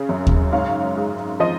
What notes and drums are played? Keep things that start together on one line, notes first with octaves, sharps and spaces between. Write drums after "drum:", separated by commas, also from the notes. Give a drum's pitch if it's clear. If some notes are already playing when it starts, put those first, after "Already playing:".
Already playing: C#3
F#2
drum: kick D#2
G#2 C#5 F5
G#3
F3 D#5